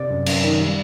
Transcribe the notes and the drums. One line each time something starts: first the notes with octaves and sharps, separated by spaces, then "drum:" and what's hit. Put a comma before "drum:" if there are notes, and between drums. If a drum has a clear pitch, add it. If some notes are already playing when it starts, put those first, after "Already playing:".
Already playing: C3 D5
F#2
F#2, drum: cymbal
D#3
G3